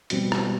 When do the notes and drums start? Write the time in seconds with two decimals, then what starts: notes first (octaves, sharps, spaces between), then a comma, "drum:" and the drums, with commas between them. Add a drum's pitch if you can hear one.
0.10 B2 G3 C4, drum: hi-hat
0.32 drum: rim click